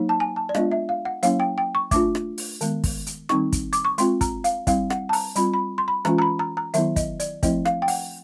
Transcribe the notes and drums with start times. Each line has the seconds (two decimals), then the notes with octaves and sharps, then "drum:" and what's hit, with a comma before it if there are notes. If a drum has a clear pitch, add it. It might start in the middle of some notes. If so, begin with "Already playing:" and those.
Already playing: F#3 A#3 D#4
0.09 A5
0.20 G#5
0.36 A5
0.49 D5
0.55 G#3 B3 D4 F4 D#5, drum: rim click
0.71 E5
0.89 F5
1.05 F#5
1.23 F#3 A#3 C#4 E4 F5, drum: hi-hat
1.40 G5
1.58 G5
1.75 C#6
1.91 A3 D4 F4 D6, drum: kick, hi-hat
2.15 drum: rim click
2.38 drum: open hi-hat
2.61 D#3 G#3 B3, drum: hi-hat
2.84 drum: kick, open hi-hat
3.07 drum: hi-hat
3.29 D#3 G3 C4 D#4 C#6, drum: rim click
3.52 drum: kick, hi-hat
3.73 D6, drum: hi-hat
3.85 C#6
3.98 G#3 C4 F4 C6, drum: hi-hat
4.21 A#5, drum: kick, hi-hat
4.44 F5, drum: hi-hat
4.67 G3 C4 E4 F5, drum: kick, hi-hat
4.90 F#5, drum: rim click
5.09 A5
5.13 A#5, drum: open hi-hat
5.35 G3 C4 F4 B5, drum: hi-hat
5.54 B5
5.78 C6
5.88 B5
6.05 E3 G#3 C#4 F4 A#5, drum: rim click
6.18 A#5
6.22 B5
6.39 A#5
6.57 A#5
6.74 D#3 F#3 B3 E4 E5, drum: hi-hat
6.96 D#5, drum: kick, hi-hat
7.20 D5, drum: hi-hat
7.43 F3 A3 C4 E4 D#5, drum: kick, hi-hat
7.65 F5, drum: rim click
7.82 G5
7.88 F#5, drum: open hi-hat